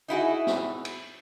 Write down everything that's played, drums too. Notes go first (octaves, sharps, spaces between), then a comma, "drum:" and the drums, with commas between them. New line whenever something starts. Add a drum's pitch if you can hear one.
D#4 E4 F#4 G#4
drum: snare
drum: cymbal